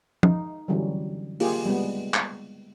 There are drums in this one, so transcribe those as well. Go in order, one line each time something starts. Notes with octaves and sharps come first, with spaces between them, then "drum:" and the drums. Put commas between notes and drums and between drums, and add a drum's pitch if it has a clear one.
D#4, drum: tom
D3 E3 F#3 G3 C#4
A#3 F4 G4 G#4, drum: open hi-hat
G3 G#3 B3
drum: clap